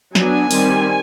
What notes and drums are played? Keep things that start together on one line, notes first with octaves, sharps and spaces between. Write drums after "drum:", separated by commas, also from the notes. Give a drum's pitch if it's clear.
F#3 B3 D4 G#5, drum: snare
D#3 G3 C4, drum: open hi-hat